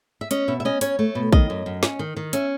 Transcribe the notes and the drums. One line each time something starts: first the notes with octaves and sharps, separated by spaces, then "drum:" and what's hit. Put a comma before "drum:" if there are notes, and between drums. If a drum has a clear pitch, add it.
E5
C#4 D#5, drum: hi-hat
B2 E5
E5
C#4 D#5
C#4 C#5, drum: hi-hat
A3
B2
D#3 D#5, drum: kick
F#2
F#2
C#4, drum: snare
D#3
D#3
C#4 E5, drum: hi-hat